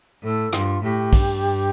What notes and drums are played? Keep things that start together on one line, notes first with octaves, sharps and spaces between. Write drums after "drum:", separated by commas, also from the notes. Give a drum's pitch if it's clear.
A2 A4
G2 F4, drum: rim click
A2 G4
G2, drum: kick, open hi-hat